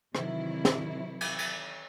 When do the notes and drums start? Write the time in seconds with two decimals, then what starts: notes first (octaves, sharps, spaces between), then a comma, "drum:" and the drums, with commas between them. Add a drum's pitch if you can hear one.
0.15 C3 D#3 E3 F#3 E4, drum: rim click
0.65 drum: snare
1.21 drum: cymbal
1.38 drum: cymbal